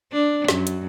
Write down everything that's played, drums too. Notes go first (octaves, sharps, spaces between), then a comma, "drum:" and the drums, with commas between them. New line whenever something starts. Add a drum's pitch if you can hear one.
D4
F#2, drum: snare
drum: hi-hat